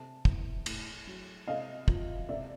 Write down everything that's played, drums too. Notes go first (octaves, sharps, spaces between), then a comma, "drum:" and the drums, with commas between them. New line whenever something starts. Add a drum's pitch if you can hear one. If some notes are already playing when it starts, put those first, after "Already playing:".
Already playing: C3 A5
E3, drum: kick
A2, drum: cymbal
F#3
C3 D#5 F5
F3, drum: kick
C3 D5 E5